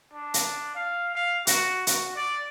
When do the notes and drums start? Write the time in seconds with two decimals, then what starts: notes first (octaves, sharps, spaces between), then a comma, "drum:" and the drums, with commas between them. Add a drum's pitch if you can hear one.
0.13 D4
0.34 drum: hi-hat
0.75 F5
1.15 F5
1.47 F#4, drum: hi-hat
1.87 F#4, drum: hi-hat
2.16 D5